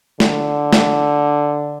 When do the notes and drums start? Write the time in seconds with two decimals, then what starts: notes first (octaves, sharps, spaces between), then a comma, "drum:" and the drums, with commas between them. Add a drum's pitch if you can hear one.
0.20 D3, drum: snare
0.73 drum: snare